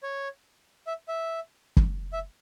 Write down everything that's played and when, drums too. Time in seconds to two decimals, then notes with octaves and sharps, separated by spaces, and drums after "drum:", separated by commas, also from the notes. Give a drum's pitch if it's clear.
0.03 C#5
0.87 E5
1.08 E5
1.77 drum: kick F#1
2.13 E5